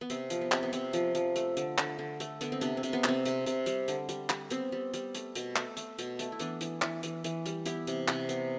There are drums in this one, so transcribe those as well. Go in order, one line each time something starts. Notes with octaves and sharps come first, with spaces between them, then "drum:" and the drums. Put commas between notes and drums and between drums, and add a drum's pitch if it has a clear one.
B3
C3 C4, drum: hi-hat
F3, drum: hi-hat
B3
C3, drum: clap
B3
C3 C4, drum: hi-hat
F3, drum: hi-hat
F3, drum: hi-hat
A3, drum: hi-hat
D3, drum: hi-hat
D3, drum: clap
D3
A3, drum: hi-hat
D3 B3, drum: hi-hat
C4
C3 B3 D4, drum: hi-hat
C4
C3, drum: hi-hat
B3
C3 C4, drum: clap
C3, drum: hi-hat
C3, drum: hi-hat
G3, drum: hi-hat
D3, drum: hi-hat
G3, drum: hi-hat
G3, drum: clap
B3 C4, drum: hi-hat
G3
G3, drum: hi-hat
A3, drum: hi-hat
B2, drum: hi-hat
A3, drum: clap
A3, drum: hi-hat
B2, drum: hi-hat
A3, drum: hi-hat
E4
E3 B3 D4, drum: hi-hat
E3, drum: hi-hat
E3, drum: clap
E3, drum: hi-hat
E3, drum: hi-hat
G3, drum: hi-hat
B3 E4 G4, drum: hi-hat
C3, drum: hi-hat
C3, drum: clap
B3, drum: hi-hat